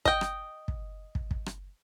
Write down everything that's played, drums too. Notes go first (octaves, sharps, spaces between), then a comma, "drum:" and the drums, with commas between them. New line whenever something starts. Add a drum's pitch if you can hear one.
D#5 G5, drum: kick
drum: rim click
drum: kick
drum: kick
drum: kick
drum: rim click